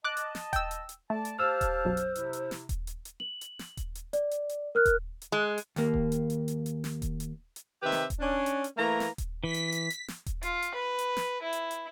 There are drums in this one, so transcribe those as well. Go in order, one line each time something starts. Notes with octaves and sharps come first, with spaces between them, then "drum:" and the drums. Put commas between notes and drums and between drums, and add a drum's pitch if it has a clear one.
D#5 A5 D6 F#6
drum: hi-hat
drum: snare
G5 E6, drum: kick D#1, hi-hat
drum: hi-hat
drum: hi-hat
A3 D5 A5
drum: hi-hat
G4 C5 F5 A5 E6 F6
drum: kick D#1, hi-hat
B1 F#2
drum: hi-hat
C3 E4, drum: hi-hat
drum: hi-hat
drum: snare
drum: kick D#1, hi-hat
drum: hi-hat
drum: hi-hat
F#7
drum: hi-hat
drum: snare
drum: kick D#1, hi-hat
drum: hi-hat
D5, drum: hi-hat
drum: hi-hat
drum: hi-hat
A#4 F6 F#6
drum: kick D#1, hi-hat
drum: hi-hat
G#3
drum: hi-hat
D#2 A#3, drum: snare
drum: kick D#1
drum: hi-hat
drum: hi-hat
drum: hi-hat
drum: hi-hat
drum: snare
drum: kick D#1, hi-hat
drum: hi-hat
drum: hi-hat
C3 D#3 G4 B4 E5
drum: snare
drum: kick D#1, hi-hat
C#4 D4
drum: hi-hat
drum: hi-hat
E3 A3 A#3 A#5
drum: snare
drum: kick D#1, hi-hat
E3 B6
drum: hi-hat
drum: hi-hat
drum: hi-hat
drum: snare
drum: kick D#1, hi-hat
F4, drum: hi-hat
drum: hi-hat
B4
drum: hi-hat
drum: snare
E4
drum: hi-hat
drum: hi-hat